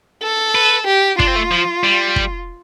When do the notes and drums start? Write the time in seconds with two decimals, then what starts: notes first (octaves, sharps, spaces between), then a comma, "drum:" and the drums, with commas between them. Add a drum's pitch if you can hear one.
0.23 A4
0.55 B4
0.87 G4
1.19 D4 F4, drum: kick
1.27 C4
1.36 A3
1.51 F3
1.84 G3
2.16 drum: kick